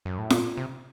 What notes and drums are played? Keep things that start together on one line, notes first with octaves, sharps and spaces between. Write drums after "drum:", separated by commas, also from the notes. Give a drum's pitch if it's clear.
F#2
A2
A#2, drum: snare F4
C3